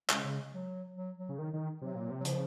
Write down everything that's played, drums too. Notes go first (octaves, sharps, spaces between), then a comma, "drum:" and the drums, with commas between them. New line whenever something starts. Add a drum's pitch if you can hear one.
C#3 G#3, drum: clap
C#3
F#3
F#3
F#3
C#3
D#3
D#3
C3 F#3
A#2
C3
F#3
C#3 F3, drum: hi-hat